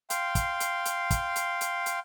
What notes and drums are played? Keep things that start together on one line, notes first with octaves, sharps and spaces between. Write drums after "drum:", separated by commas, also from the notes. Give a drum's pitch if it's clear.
F5 G5 C6, drum: hi-hat
drum: kick, hi-hat
drum: hi-hat
drum: hi-hat
drum: kick, hi-hat
drum: hi-hat
drum: hi-hat
drum: hi-hat